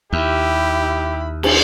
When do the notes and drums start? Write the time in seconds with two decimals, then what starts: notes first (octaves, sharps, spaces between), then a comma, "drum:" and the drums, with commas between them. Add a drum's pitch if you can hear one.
0.13 D#2 E4 G4 B5
1.43 drum: cymbal